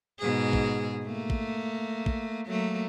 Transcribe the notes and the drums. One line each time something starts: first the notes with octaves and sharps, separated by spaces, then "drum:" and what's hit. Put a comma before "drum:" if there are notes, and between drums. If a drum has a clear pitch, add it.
G#2 B2 G#4
drum: kick
A3 A#3
drum: kick
drum: kick
F#3 A3 A#3